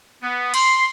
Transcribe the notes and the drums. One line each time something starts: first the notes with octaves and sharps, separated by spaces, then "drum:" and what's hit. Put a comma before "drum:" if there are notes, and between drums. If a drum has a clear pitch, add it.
B3
C6, drum: cymbal